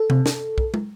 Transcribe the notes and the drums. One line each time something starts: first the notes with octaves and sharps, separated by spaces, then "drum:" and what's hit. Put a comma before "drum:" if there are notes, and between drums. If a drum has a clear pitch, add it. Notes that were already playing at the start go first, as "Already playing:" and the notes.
Already playing: A4
C3, drum: tom C3
drum: snare
drum: kick
drum: tom